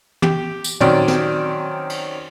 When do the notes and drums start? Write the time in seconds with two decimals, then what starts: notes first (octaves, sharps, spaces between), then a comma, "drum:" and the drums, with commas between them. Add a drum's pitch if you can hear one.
0.22 G4, drum: tom
0.64 drum: tambourine
0.80 D#3 F#3 C4 C#4 D5, drum: tom
1.08 drum: snare
1.90 drum: cymbal